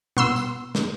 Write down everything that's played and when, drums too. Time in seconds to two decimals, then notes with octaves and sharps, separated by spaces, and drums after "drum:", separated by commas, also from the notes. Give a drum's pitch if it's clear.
0.17 B3 C6 E6, drum: tom B2
0.36 drum: tambourine
0.75 drum: snare